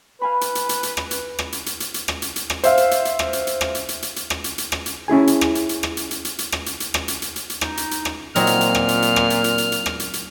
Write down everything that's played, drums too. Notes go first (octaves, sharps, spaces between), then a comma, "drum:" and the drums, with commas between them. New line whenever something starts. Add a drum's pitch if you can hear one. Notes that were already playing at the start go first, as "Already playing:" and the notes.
B4 F5 G#5 B5
drum: hi-hat
drum: hi-hat
drum: hi-hat
drum: hi-hat
drum: rim click
drum: hi-hat
drum: rim click
drum: hi-hat
drum: hi-hat
drum: hi-hat
drum: hi-hat
drum: rim click
drum: hi-hat
drum: hi-hat
drum: rim click
C5 E5 F5, drum: hi-hat
drum: hi-hat
drum: hi-hat
drum: hi-hat
drum: rim click
drum: hi-hat
drum: hi-hat
drum: rim click
drum: hi-hat
drum: hi-hat
drum: hi-hat
drum: hi-hat
drum: rim click
drum: hi-hat
drum: hi-hat
drum: rim click
drum: hi-hat
C#4 E4 G#4 G#5
drum: hi-hat
drum: rim click
drum: hi-hat
drum: hi-hat
drum: rim click
drum: hi-hat
drum: hi-hat
drum: hi-hat
drum: hi-hat
drum: rim click
drum: hi-hat
drum: hi-hat
drum: rim click
drum: hi-hat
drum: hi-hat
drum: hi-hat
drum: hi-hat
D#4, drum: rim click
drum: hi-hat
drum: hi-hat
drum: rim click
A#2 F#3 C4 D#4 F6, drum: hi-hat
drum: hi-hat
drum: hi-hat
drum: rim click
drum: hi-hat
drum: hi-hat
drum: rim click
drum: hi-hat
drum: hi-hat
drum: hi-hat
drum: hi-hat
drum: rim click
drum: hi-hat
drum: hi-hat